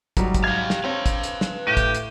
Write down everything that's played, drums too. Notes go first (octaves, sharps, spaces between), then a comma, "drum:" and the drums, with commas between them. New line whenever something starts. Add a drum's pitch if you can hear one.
G#2 F#3 G3, drum: kick, hi-hat
drum: kick, hi-hat
G4 F5 G#6
drum: snare
C4 B4 C#5 F5
drum: kick, hi-hat
drum: hi-hat
drum: snare
A2 G4 D#7
drum: kick, hi-hat
drum: hi-hat